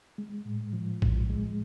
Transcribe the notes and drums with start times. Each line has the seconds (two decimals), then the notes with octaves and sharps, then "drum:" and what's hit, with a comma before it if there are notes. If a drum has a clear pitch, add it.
0.18 G#3
0.45 A2
0.73 F3
1.02 A2, drum: kick A#1
1.30 G#3